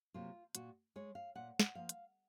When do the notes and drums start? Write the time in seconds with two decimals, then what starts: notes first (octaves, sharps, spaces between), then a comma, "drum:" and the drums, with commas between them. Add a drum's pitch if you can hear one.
0.14 C3 F#3 A#3 F4
0.55 A#2 F#4, drum: hi-hat
0.96 G#3 C#5
1.15 F5
1.35 A#2 F#5
1.60 F#5, drum: snare
1.75 F3 A#3 F5
1.89 drum: hi-hat